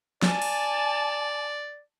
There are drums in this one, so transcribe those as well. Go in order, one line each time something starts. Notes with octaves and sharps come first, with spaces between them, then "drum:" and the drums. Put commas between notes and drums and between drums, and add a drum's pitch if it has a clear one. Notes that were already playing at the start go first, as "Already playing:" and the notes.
D5 G#5 A5, drum: snare
drum: open hi-hat